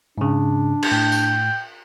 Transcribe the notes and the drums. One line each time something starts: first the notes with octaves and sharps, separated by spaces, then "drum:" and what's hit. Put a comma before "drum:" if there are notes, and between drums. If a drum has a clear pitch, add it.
G#2 C#3 D4
drum: cymbal
A2 G5
drum: tambourine